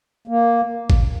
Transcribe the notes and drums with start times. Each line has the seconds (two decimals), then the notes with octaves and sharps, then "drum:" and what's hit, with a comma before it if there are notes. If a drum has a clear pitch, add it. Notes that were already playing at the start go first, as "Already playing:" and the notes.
0.28 A#3
0.90 drum: kick